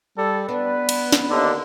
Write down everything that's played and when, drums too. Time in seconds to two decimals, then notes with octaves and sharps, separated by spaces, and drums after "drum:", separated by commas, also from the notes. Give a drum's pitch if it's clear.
0.18 G3 A4
0.49 B3 D4 B4
0.89 drum: cymbal
1.12 drum: snare
1.29 D#2 D3